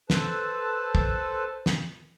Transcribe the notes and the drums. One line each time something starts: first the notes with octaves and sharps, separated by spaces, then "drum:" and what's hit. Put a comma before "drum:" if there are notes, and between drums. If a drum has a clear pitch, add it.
A4 B4 C5 A5, drum: snare
drum: kick
drum: snare